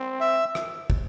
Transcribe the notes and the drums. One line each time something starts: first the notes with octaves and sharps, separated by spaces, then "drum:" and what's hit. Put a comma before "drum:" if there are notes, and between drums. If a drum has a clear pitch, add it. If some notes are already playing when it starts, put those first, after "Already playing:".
Already playing: C4
E5
drum: rim click
drum: kick